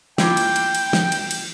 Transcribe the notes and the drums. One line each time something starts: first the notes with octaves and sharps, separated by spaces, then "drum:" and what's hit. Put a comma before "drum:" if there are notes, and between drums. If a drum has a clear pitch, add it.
A#3 E4 F4 G5, drum: snare
drum: cymbal
drum: cymbal
drum: cymbal
drum: snare
drum: cymbal
drum: cymbal